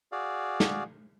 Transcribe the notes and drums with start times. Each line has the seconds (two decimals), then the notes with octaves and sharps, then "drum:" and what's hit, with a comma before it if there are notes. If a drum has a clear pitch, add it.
0.12 F#4 G#4 D5 F5
0.60 drum: snare